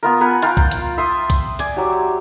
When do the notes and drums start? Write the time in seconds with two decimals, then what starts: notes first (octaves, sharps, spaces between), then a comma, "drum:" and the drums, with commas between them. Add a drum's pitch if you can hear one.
0.03 B3 F4 A#4
0.21 F#5 G#5 A#5 B5
0.42 F4 F5 G5 A#5, drum: hi-hat
0.57 drum: kick
0.71 drum: hi-hat
0.97 E5 C6 D#6
1.30 drum: kick, hi-hat
1.59 D5 G#5, drum: hi-hat
1.77 F#3 G4